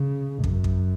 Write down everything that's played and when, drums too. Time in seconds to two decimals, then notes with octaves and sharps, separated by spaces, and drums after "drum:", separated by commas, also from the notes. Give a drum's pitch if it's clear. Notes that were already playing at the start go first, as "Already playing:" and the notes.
Already playing: C#3
0.44 F#2, drum: kick
0.64 drum: kick